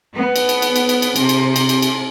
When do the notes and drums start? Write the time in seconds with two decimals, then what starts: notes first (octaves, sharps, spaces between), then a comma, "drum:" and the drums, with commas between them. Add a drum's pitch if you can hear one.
0.14 B3
0.36 drum: cymbal
0.49 drum: cymbal
0.62 drum: cymbal
0.76 drum: cymbal
0.89 drum: cymbal
1.02 drum: cymbal
1.16 C3, drum: cymbal
1.29 drum: cymbal
1.56 drum: cymbal
1.69 drum: cymbal
1.82 drum: cymbal